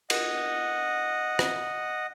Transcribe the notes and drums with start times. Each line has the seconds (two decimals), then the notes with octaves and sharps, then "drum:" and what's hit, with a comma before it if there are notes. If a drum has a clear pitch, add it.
0.10 D#5 F#5, drum: cymbal
1.39 drum: rim click